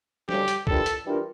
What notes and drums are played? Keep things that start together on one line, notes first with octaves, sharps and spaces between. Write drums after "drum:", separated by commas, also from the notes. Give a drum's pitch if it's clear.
D2 C#3 G3 D4 G4, drum: snare
drum: hi-hat
E3 G3 D4 F4 A4 A#4, drum: kick
drum: hi-hat
E3 G3 D4 F4 A#4